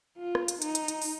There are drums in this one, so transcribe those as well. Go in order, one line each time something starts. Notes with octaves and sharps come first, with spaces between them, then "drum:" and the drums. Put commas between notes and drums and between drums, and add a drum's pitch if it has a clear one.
F4
drum: rim click
drum: hi-hat
D#4, drum: hi-hat
drum: hi-hat
drum: hi-hat
drum: open hi-hat